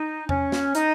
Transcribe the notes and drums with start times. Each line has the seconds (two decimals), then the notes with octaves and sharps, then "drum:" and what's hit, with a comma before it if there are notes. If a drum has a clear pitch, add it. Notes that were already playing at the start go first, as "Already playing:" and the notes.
Already playing: D#4
0.29 C#4, drum: tom E2
0.52 drum: snare
0.75 D#4, drum: hi-hat